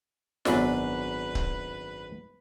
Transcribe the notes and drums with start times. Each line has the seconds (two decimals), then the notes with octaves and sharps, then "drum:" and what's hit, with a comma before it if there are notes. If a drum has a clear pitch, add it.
0.45 G#1 F#2 B3 D4 B4 C#5, drum: snare
1.35 drum: kick C#1